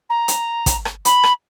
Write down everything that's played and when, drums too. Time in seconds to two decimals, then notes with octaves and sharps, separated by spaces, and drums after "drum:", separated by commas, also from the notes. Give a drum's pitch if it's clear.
0.09 A#5
0.28 drum: hi-hat
0.66 drum: kick, hi-hat
0.85 drum: rim click
1.05 B5, drum: hi-hat
1.23 drum: rim click